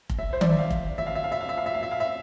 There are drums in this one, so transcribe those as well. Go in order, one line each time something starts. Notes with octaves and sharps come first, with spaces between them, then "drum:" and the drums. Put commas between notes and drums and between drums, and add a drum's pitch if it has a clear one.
drum: kick F1
E5
C5
D5, drum: tom D#3
E5
F5
drum: kick F1
E5
F5
E5
F5
E5
F5
E5
F5
E5
F5
E5
F5
E5